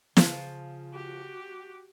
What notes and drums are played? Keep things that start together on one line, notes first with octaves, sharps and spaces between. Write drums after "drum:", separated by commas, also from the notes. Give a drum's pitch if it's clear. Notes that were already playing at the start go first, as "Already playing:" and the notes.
C#3 F3, drum: snare
F#4 G4